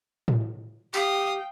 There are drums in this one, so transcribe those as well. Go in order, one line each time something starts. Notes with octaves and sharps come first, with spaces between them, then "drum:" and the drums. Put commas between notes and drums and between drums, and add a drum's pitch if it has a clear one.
drum: tom A2
G4 F5 G5 D#6, drum: tambourine